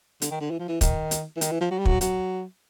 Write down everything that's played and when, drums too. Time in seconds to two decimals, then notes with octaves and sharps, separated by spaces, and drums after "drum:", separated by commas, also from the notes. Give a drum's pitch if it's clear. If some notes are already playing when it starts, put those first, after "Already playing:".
0.22 D3, drum: hi-hat
0.31 D#3
0.41 D3
0.51 E3
0.59 F3
0.68 E3
0.81 D#3, drum: kick, hi-hat
1.11 drum: hi-hat
1.36 E3
1.41 D#3, drum: hi-hat
1.52 E3
1.61 F3
1.71 F#3
1.78 G3
1.85 F#3, drum: kick
2.01 F#3, drum: hi-hat